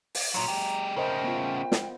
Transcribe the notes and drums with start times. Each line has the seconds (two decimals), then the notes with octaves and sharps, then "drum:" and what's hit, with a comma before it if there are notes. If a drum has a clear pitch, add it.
0.15 drum: open hi-hat
0.34 A#2 F#3 A#5
0.48 G#3 G4
0.96 C#3 A3 A#4 C5 D#5 G5
1.24 B3 F4
1.72 drum: snare